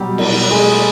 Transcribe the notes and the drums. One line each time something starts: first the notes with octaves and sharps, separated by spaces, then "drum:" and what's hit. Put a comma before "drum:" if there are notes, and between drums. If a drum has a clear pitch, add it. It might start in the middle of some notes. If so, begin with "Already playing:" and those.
Already playing: B2 F#3 G3 G4
B2, drum: cymbal
G#3 A3 G#4